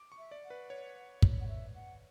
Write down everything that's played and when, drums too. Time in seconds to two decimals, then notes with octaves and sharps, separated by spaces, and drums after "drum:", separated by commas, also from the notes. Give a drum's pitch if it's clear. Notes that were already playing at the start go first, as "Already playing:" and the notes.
Already playing: D6
0.12 C#6
0.18 E5
0.31 D5
0.44 F#5
0.50 B4
0.70 C#5
1.22 drum: kick
1.40 F#5
1.48 E5
1.75 F#5